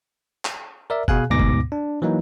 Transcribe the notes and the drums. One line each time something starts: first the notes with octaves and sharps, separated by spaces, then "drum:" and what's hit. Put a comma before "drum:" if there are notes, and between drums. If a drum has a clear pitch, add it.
drum: clap
A#4 D5 E5
B2 G#4 F5 G#5 F#6, drum: kick F#1
D2 G#2 B2 B3 D6 A#6
drum: kick F#1
D4
E3 F#3 A#3 D#4